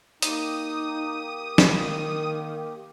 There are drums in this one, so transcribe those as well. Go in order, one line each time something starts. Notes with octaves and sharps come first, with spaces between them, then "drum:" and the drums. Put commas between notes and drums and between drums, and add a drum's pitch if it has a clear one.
A#3 D#4 G4 D#6, drum: hi-hat
D#3, drum: snare